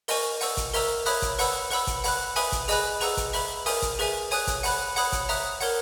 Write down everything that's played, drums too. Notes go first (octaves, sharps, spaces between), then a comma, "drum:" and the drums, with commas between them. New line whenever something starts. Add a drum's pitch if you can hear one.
A#4 D#5 G#5 C#6, drum: open hi-hat
F#5 C#6 E6, drum: open hi-hat
drum: kick G#1, hi-hat
A#4 E5 A#5 E6, drum: open hi-hat
C#5 E5 B5 D#6 F#6, drum: open hi-hat
drum: kick G#1, hi-hat
B4 F#5 B5 E6, drum: open hi-hat
B4 F#5 B5 E6, drum: open hi-hat
drum: kick G#1, hi-hat
F#5 B5 F#6, drum: open hi-hat
B4 E5 G#5 B5 D#6, drum: open hi-hat
drum: kick G#1, hi-hat
G#4 D#5 G#5 B5 F#6, drum: open hi-hat
G#4 B4 F#5 A#5 E6, drum: open hi-hat
drum: kick G#1, hi-hat
B4 E5 B5, drum: open hi-hat
A#4 E5 G#5 D#6, drum: open hi-hat
drum: kick G#1, hi-hat
G#4 B4 E5 G#5, drum: open hi-hat
C#5 G#5 D#6 F#6, drum: open hi-hat
drum: kick G#1, hi-hat
F#5 B5 F#6, drum: open hi-hat
C#5 F#5 B5 D#6 F#6, drum: open hi-hat
drum: kick G#1, hi-hat
E5 A#5 D#6 F#6, drum: open hi-hat
A#4 C#5 F#5, drum: open hi-hat